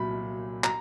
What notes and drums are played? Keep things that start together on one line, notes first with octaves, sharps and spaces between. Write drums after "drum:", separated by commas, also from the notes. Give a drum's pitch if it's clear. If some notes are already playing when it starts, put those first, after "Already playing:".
Already playing: C2 A#2 F#3 B5
A#5, drum: clap